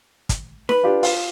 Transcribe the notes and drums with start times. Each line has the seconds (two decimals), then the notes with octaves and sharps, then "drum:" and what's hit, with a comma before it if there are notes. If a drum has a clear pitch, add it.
0.29 drum: kick, hi-hat
0.69 B4, drum: snare D#4
0.84 D4 F4 G4
1.03 F4, drum: open hi-hat